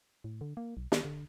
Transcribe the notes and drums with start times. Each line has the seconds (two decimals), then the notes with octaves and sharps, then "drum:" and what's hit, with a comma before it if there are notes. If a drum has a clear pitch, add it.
0.24 A2
0.41 D3
0.57 A#3
0.77 B1
0.92 D#3, drum: snare
1.05 D3